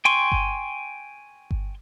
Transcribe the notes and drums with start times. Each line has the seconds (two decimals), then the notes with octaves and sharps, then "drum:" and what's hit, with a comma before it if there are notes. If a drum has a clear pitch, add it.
0.05 G5 G#5 C6 C#6
0.32 drum: kick G1
1.51 drum: kick G1